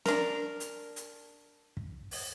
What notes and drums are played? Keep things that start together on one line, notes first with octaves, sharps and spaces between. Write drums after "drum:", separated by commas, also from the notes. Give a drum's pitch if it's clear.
D4 A#4, drum: snare
drum: hi-hat
drum: hi-hat
drum: kick
drum: open hi-hat